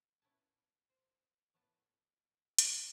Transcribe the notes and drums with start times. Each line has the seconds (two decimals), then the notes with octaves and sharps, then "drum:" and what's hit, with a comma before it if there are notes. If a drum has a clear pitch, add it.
0.22 B3 C#4 E4 F#5 G#5 A5
0.90 C5
1.54 A2 A3 B3 B4 A5
2.58 drum: hi-hat
2.77 A4